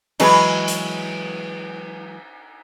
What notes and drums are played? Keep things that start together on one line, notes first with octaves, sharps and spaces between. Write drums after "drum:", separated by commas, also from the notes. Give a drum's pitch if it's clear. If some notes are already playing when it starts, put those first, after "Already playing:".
E3 F#3 G#3 G#4 B4, drum: cymbal
drum: hi-hat